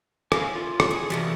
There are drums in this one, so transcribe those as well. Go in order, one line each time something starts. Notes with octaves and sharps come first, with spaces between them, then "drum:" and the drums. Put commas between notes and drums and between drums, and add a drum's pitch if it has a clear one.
E4 C#5 F5 G#5, drum: rim click
F4
drum: rim click
G#4
C3 E3 F3 A3 F#4 D5